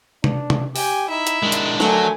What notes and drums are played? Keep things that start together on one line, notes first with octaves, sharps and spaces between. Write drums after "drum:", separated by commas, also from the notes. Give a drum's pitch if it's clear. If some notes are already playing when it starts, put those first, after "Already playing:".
D4, drum: tom
drum: tom
G4 G5 G#5, drum: open hi-hat
D#4 E4 E5
drum: hi-hat
D#3 G#3 D4
drum: hi-hat
D3 F#3 A3 A#4 G#5, drum: snare